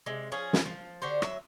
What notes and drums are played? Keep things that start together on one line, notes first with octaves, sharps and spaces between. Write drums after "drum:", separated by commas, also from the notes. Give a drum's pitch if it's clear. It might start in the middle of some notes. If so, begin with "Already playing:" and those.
C3 G#3
F3 C#4 G#4
drum: snare
F3
D3 F#4 G4 C5
F#3 E5, drum: rim click